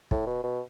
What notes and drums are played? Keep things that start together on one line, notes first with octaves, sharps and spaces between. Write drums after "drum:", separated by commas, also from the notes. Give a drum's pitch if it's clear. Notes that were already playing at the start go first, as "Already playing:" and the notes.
A2, drum: kick
B2
B2